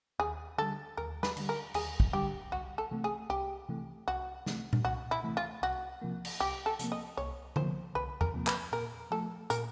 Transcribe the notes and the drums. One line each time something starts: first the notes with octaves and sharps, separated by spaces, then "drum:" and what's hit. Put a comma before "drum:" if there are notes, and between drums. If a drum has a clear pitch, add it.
D#2 G#4
D3 G3 A4
D#2 A#4
B4, drum: snare
D3 G3, drum: cymbal
A#4
D#2 G#4, drum: cymbal
drum: kick
D3 G3 G4
C2 F#4
A4
C3 E3 A3
G#4
C2 G4
C3 E3 A3
C2 F#4
C3 E3 A3, drum: snare
drum: tom A#2
C2 F#4
E4
C3 E3 A3
F4
C2 F#4
C3 F3 A#3
drum: cymbal
C2 G4
A4
C3 F3 A#3, drum: hi-hat
D#5
C2 C#5
C3 F3 A#3 C5, drum: tom D3
C2 B4
A#4, drum: tom E2
C3 F3 A#3
B4, drum: clap
A#2 A#4
F3 A3 A4
A#2 A#4, drum: hi-hat